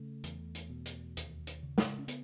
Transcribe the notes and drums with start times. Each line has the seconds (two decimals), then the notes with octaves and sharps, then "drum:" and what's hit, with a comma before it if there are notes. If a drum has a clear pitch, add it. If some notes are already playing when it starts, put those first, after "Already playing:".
Already playing: C#3 A3
0.24 E2, drum: hi-hat
0.55 drum: hi-hat
0.70 B2
0.85 drum: hi-hat
1.17 D#2, drum: hi-hat
1.47 drum: hi-hat
1.63 C#3
1.78 drum: snare
1.99 C#4
2.08 B3, drum: hi-hat